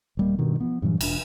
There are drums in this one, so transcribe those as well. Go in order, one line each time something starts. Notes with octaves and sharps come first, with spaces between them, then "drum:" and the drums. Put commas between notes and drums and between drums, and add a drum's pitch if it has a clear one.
D#1 G3 A#3
G2 B2 D#3
F3 B3
G2 A#2 E3 F#3
E1 D4, drum: cymbal